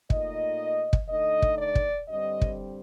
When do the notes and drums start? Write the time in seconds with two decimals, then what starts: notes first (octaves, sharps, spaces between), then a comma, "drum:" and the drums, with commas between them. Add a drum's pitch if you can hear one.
0.10 A#2 A3 D#4 D#5, drum: kick
0.93 drum: kick
1.09 D3 A3 D#4 D#5
1.42 drum: kick
1.59 D5
1.75 drum: kick
2.09 G2 D3 G3 C4 D#5
2.41 drum: kick